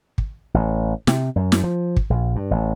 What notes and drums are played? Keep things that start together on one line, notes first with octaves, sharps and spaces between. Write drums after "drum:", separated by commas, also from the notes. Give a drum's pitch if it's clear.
drum: kick
A1
C3, drum: snare
F#2
drum: snare
F3
drum: kick
A#1
G2
A1